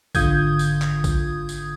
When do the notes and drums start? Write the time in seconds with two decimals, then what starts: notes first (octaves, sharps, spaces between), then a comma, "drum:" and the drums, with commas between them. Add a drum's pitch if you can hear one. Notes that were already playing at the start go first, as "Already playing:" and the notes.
0.15 G#1 D3 F4 D#6 G6 G#6, drum: kick B1, tambourine
0.59 drum: tambourine
0.82 drum: clap
1.04 drum: kick B1, tambourine
1.49 drum: tambourine